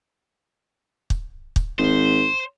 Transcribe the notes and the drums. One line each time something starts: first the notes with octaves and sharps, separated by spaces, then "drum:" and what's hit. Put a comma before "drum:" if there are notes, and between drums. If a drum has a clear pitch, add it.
drum: kick
drum: kick
G#1 C5